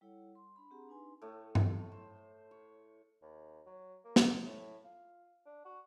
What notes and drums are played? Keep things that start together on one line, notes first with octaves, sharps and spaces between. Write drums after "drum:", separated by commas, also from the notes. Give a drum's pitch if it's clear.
G3 E4 A4 C#5 F#5
C6
D4 B5
C4 D4 G4 G#4 F#5 A#5
D4 D#4 B4 G#5 C6
A2 A3
drum: tom G2
C5
C#5
D#2
F#3
A#3
drum: snare
A2
F4
D4
F#4